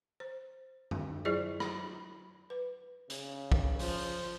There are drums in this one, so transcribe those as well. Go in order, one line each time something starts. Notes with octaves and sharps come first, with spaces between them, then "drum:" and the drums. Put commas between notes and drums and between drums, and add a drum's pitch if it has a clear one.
C5
drum: tom F#2
F#3 E4 F4 G#4 C5 D5
drum: rim click
B4
C#3, drum: hi-hat
drum: kick
F3 C5, drum: open hi-hat